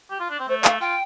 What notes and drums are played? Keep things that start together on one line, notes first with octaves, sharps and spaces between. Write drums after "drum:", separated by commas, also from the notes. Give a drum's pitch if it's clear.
G4
F4
D4
C4
A3 C5
D5
A3 F5, drum: clap
F4 G5